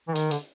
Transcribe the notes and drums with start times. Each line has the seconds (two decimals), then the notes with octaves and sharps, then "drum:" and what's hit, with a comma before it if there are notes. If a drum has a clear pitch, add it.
0.08 E3
0.15 D#3, drum: hi-hat
0.31 D3, drum: hi-hat